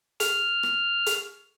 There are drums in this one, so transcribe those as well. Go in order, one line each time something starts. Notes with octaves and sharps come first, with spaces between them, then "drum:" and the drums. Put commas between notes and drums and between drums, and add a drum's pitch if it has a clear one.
F6, drum: hi-hat
drum: rim click
drum: hi-hat